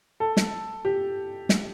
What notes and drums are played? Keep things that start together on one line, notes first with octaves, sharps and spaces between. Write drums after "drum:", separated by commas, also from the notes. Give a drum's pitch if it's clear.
A4
drum: snare
G4
drum: snare